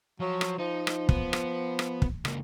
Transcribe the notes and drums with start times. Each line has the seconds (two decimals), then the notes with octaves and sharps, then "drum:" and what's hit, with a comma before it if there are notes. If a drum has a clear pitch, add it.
0.20 F3 F#3
0.41 drum: rim click
0.59 F3 D#4
0.87 drum: rim click
1.09 B3, drum: kick
1.33 drum: rim click
1.79 drum: rim click
2.02 drum: kick
2.25 C#2 A#3, drum: rim click